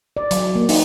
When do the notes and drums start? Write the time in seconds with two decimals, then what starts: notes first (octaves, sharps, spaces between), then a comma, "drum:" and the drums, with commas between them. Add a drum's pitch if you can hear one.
0.17 D5
0.31 F#3, drum: hi-hat
0.55 A#3
0.69 D#4, drum: open hi-hat